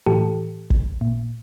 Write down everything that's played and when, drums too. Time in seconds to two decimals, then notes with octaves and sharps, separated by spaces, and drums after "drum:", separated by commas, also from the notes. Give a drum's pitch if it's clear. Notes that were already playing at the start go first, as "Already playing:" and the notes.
0.06 A2 E3 G4 A4
0.70 drum: kick
1.01 A#2